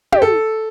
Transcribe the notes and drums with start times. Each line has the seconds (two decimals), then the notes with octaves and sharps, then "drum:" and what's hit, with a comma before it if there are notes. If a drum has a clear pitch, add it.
0.12 G4, drum: tom
0.22 A4